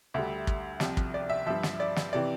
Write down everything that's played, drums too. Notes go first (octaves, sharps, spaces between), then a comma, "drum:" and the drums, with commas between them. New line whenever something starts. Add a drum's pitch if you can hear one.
D2 D3 G3 E5
drum: kick
C2 C3 F3, drum: snare
drum: kick
D5
E5
G2 F3 E5
drum: snare
D5
drum: snare
C3 E3 D5